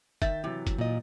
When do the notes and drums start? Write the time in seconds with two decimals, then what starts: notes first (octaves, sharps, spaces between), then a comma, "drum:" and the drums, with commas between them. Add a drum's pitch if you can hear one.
0.22 D#3 E5 G6 A6, drum: kick, hi-hat
0.44 C3 E3 F#3
0.67 drum: kick, hi-hat
0.78 A#2 D#5